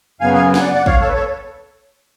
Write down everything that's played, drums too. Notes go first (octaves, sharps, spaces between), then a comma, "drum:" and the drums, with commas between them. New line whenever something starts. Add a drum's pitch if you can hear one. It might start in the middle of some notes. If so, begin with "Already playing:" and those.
F#2 C#3 F#3 B3 F5 G#5
F5 G#5
G#5, drum: snare
D5 F#5
D5 F#5
C#5 F5, drum: kick
A4 C#5
B4
A4 C#5